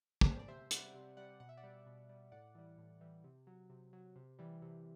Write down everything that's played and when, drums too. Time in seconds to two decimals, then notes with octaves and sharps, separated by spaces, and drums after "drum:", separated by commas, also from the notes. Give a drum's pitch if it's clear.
0.21 B4, drum: kick
0.30 C5
0.39 D5
0.48 C3 C5 E5
0.71 G3 D5 F#5, drum: hi-hat
0.94 C3
1.17 G3 D5 F#5
1.40 B2 F#5
1.49 E5
1.57 D5 F#5
1.63 G3
1.86 B2
2.09 G3
2.32 A2 D5 F#5
2.55 E3 G3
2.78 A2
3.01 E3 G3
3.24 C3
3.47 F#3
3.70 C3
3.93 F#3
4.16 C3
4.39 E3 G3
4.62 C3